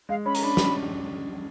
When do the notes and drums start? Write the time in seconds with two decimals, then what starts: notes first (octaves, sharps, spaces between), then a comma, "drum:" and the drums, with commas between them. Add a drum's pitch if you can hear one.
0.09 G#3 F5
0.26 C#4 B5
0.35 A#5, drum: hi-hat
0.43 D4 B5
0.57 drum: snare